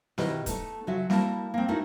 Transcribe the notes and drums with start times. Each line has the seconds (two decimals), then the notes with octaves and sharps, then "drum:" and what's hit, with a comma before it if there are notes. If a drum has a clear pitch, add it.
0.18 B2 D#3 E4 G4 B4 D#5, drum: snare
0.46 A3 B3 D#4, drum: kick, hi-hat
0.87 C#3 F#3 F4 F#4 E5
1.10 G3 A#3 E4 F#4 A#4 A5, drum: snare
1.54 A#3 C4
1.68 A3 B3 D#4 E4 F#4 A#4